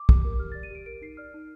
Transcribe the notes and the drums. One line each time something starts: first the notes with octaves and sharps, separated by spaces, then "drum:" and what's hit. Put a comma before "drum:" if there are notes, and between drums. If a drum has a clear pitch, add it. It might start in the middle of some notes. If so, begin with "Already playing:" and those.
Already playing: D6
G4, drum: kick
A#4
G4 F6
D5 A6
D#7
G4 D7
A#4 D7
D#4 C7
D5 F6
D#4